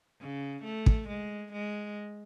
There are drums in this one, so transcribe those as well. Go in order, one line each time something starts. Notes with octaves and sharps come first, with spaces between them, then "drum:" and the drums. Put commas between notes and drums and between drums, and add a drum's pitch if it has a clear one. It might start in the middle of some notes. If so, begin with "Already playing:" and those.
C#3
A3
drum: kick
G#3
G#3